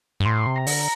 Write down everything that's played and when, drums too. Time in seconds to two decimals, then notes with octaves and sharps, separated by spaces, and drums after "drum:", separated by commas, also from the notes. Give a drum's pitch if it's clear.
0.20 G2
0.25 A2 C6
0.46 C3
0.56 A#5
0.67 D3, drum: open hi-hat